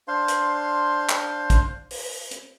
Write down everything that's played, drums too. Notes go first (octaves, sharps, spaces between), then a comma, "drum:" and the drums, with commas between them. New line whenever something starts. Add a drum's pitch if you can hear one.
D4 C5 F5 C6
drum: hi-hat
drum: clap
drum: kick, hi-hat
drum: open hi-hat
drum: hi-hat